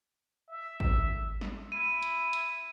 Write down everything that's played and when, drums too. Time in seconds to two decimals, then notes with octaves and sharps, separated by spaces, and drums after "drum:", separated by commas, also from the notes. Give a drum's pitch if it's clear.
0.49 E5
0.80 drum: kick
1.41 drum: snare
1.72 E4 D#7
2.03 drum: hi-hat
2.33 drum: hi-hat